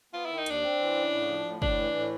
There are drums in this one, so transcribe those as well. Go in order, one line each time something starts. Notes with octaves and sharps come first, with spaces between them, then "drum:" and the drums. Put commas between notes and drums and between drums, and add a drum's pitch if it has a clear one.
B3 F4
D#3 E4
D#4
D#2 D4, drum: hi-hat
C4
E3
C#3
A2
F3
A2
A2 D4, drum: kick
E3
A2